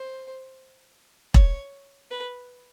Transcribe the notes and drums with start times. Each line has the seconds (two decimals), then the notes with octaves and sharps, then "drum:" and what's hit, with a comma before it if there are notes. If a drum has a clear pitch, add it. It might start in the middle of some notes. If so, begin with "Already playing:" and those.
Already playing: C5
1.34 C#5, drum: kick E1
2.11 B4